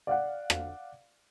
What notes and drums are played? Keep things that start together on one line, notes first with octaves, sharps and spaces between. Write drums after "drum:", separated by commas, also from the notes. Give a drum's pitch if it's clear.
D5 F5 F#5
drum: rim click